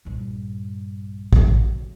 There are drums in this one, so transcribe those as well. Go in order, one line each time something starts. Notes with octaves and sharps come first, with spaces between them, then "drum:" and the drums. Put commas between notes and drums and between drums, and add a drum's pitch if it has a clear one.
A#1 G2
D3 F#3, drum: kick